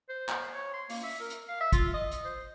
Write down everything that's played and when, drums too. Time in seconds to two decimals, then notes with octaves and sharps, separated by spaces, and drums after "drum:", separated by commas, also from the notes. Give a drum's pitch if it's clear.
0.09 C5
0.29 drum: clap
0.54 C#5
0.73 C6
0.90 A#3, drum: open hi-hat
1.03 E5
1.20 A#4
1.30 drum: hi-hat
1.48 F5
1.60 E5
1.73 F4, drum: kick, hi-hat
1.94 D#5
2.12 drum: hi-hat
2.25 C5